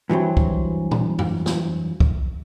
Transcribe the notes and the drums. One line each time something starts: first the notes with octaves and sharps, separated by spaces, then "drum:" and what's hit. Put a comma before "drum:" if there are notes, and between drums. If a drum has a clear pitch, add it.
G2 E3 F#3 C4
drum: kick
drum: tom A#2
drum: tom F2
drum: snare
drum: kick